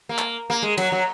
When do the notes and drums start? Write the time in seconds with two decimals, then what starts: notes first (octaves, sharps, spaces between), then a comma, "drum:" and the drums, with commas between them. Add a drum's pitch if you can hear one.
0.09 A#3
0.19 drum: clap
0.50 A#3
0.62 G#3
0.78 F#3, drum: cymbal
0.92 F#3